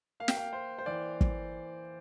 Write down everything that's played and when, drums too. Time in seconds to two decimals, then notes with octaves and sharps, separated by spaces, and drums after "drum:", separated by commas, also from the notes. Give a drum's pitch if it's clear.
0.20 A#3 F5
0.28 G5, drum: snare
0.37 F5
0.53 A#3 C5
0.78 C5
0.86 E3 D5
1.21 E3, drum: kick